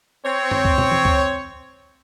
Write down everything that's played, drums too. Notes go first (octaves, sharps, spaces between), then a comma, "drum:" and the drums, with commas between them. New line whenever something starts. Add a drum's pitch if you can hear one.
C4 C#5
drum: tom F#2
drum: kick C#2
drum: tom
drum: tom E3
drum: kick C#2